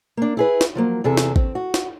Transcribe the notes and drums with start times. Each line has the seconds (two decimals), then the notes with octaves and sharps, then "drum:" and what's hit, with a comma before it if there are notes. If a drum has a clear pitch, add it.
0.17 A#3 D4
0.37 E4 G#4 B4
0.61 drum: snare
0.75 F3 F#3 A#3
1.04 E2 C3 G#4 A4
1.17 drum: snare
1.36 C4, drum: kick G#1
1.55 F#4
1.74 drum: snare